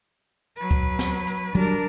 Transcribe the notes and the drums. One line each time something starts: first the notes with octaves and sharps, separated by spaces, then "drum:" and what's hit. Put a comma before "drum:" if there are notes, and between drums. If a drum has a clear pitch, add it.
F#3 B4
drum: kick C#2
drum: snare
drum: hi-hat
F#3 G3 D4 A#4